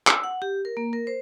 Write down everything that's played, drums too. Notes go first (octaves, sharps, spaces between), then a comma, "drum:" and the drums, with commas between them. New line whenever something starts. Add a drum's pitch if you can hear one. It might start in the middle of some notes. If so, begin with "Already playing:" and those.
E6, drum: clap
F#5
G4
A#4
A#3
A#4
C5